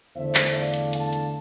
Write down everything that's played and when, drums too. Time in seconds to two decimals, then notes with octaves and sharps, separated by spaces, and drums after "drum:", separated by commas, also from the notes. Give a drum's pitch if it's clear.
0.15 E2 D3 A3 D4 C5 E5
0.35 drum: clap
0.54 D5 F5
0.74 drum: hi-hat
0.93 F5 A5, drum: hi-hat
1.13 drum: hi-hat